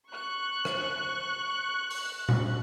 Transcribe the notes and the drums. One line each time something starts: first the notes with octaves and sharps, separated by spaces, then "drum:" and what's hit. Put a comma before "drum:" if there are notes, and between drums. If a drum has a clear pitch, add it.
C#6 F#6
drum: rim click
drum: open hi-hat
drum: tom A#2